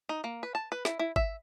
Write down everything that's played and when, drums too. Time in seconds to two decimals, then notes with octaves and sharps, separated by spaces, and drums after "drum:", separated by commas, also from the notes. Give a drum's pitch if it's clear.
0.09 D#4
0.24 A#3
0.43 B4
0.55 A5
0.72 B4
0.85 E4, drum: snare
0.99 E4
1.16 E5, drum: kick G#1